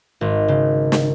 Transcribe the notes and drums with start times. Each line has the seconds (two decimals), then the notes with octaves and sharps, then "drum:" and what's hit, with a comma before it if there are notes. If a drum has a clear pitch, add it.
0.21 G#1
0.48 C#3
0.92 drum: snare